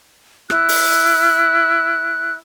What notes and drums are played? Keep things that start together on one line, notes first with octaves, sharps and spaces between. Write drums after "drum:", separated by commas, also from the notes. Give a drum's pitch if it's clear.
E4 F#6, drum: rim click
drum: open hi-hat